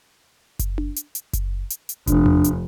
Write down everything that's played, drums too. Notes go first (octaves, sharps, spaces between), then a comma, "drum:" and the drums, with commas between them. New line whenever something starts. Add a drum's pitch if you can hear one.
drum: kick F#1, hi-hat
drum: tom D4
drum: hi-hat
drum: hi-hat
drum: kick F#1, hi-hat
drum: hi-hat
drum: hi-hat
F1 D4, drum: kick F#1, hi-hat
drum: tom E2
drum: hi-hat